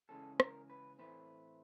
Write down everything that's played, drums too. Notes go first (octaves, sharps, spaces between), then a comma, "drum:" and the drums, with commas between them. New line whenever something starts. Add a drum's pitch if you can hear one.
C#3 E3 G#3 C#4 A4
A#4, drum: rim click
B4
A2 E3 A3 C4 B4